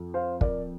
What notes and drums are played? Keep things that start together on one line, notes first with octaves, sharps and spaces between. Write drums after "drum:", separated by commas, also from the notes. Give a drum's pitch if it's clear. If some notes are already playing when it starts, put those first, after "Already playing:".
Already playing: F2 F3
C5 F5
A#4 D5, drum: kick